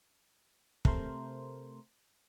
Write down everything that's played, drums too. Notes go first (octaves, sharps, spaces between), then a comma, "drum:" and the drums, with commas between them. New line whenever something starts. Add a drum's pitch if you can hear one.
C3 A3 A#4 C5, drum: kick